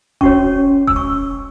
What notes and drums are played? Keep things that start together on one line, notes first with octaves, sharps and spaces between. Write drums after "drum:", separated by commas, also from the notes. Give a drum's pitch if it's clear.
C#4 F#4 C#5 C#6, drum: kick D#1
E6, drum: kick D#1
C#6